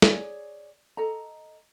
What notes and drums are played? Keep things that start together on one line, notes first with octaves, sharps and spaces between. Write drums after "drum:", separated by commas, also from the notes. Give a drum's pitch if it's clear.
G#4 C#5 D5 G#5, drum: snare
A4 D#5 A#5